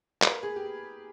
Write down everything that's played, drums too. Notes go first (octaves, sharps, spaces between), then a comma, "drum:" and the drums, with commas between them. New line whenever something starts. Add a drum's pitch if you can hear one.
B4, drum: clap
A#4
G#4
G4